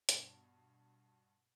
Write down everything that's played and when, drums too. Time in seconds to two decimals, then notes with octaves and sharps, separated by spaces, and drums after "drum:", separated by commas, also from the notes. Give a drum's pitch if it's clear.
0.09 G2 B2, drum: hi-hat